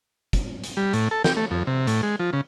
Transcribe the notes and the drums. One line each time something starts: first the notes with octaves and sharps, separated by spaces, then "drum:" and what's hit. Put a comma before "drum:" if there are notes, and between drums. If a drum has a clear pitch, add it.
drum: kick, hi-hat
drum: hi-hat
G3
A2, drum: hi-hat
A4
G5, drum: snare
A3
F2
C3
A2, drum: hi-hat
G#3
F3
C#3